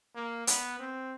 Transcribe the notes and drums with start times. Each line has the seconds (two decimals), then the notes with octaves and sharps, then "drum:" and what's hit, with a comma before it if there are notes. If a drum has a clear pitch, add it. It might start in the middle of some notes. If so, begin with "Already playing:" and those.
0.15 A#3
0.47 B3, drum: hi-hat
0.79 C4